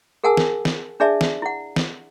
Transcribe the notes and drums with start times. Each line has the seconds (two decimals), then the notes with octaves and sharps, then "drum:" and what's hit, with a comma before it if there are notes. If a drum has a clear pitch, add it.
0.24 G#4 A#4 F#5 G#5 A5 E6
0.37 drum: snare
0.65 drum: snare
1.00 D4 G#4 D5 E5 A5
1.21 drum: snare
1.42 E4 F#5
1.76 drum: snare